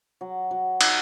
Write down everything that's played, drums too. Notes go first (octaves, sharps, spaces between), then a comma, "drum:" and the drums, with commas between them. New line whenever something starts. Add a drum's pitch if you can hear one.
F#3
F#3
D#4, drum: cymbal